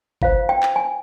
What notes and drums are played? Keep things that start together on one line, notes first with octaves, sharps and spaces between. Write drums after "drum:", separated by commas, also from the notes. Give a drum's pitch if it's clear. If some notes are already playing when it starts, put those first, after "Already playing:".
F4 C5 F5, drum: kick G1
G5
drum: clap
G#5